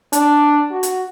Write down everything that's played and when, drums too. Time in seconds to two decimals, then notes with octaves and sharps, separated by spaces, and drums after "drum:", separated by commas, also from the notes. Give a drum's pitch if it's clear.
0.13 D4, drum: hi-hat
0.71 F#4
0.83 drum: hi-hat